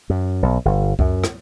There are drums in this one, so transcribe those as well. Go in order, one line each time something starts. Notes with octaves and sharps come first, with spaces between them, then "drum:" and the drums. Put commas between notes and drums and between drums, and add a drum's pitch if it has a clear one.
F#2
B1
G1
F#2, drum: kick C#2
drum: rim click